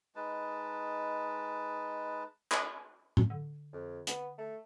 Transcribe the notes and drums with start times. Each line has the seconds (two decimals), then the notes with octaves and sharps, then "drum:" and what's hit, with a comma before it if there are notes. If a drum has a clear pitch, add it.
0.15 G#3 D#4 B4 A5
2.52 drum: clap
3.17 drum: tom
3.30 D3
3.73 F2
4.07 B3, drum: hi-hat
4.38 A3